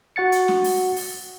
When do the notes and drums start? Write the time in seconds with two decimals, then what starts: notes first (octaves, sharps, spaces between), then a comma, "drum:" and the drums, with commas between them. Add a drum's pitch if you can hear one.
0.16 F#4 F#5 A6 C#7
0.32 drum: hi-hat
0.48 drum: snare
0.64 drum: open hi-hat
0.96 drum: open hi-hat